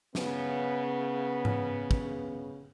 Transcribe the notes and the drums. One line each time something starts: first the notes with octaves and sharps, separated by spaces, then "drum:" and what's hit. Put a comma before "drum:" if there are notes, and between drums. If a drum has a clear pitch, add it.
C#3 B3, drum: snare
drum: tom G#2
drum: kick